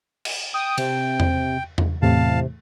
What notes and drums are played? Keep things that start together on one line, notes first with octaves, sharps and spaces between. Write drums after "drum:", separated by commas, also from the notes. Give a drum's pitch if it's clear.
drum: cymbal
G5 D#6
C3, drum: cymbal
drum: tom E2
drum: tom E2
E2 A2 C3 F5 A5